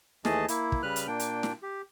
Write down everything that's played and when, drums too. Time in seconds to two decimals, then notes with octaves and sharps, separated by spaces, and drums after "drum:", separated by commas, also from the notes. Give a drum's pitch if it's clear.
0.25 D#2 E3 A3 G#4 D#5 A5, drum: snare
0.48 A#3 E4, drum: hi-hat
0.72 drum: kick
0.82 C#3 G3 B4 F6 F#6
0.96 drum: hi-hat
1.07 A#2 A#3 D4 G5
1.20 drum: hi-hat
1.43 drum: snare
1.63 G4